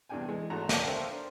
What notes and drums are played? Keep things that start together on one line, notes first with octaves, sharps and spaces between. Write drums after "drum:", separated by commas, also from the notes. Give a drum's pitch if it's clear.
E2 G2 C3 D4 G5 G#5
E3 G#3
G#1 A3 F#4 A#5
A#4 C#5 D5 F5 G5 A5, drum: snare
A4 A#4 C5 E5 F5 G5
D4 C5